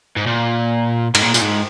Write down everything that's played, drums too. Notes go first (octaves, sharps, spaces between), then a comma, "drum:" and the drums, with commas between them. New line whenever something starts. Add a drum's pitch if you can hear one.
G#2
A#2
G#2, drum: cymbal
A#2
A#2, drum: tambourine
G#2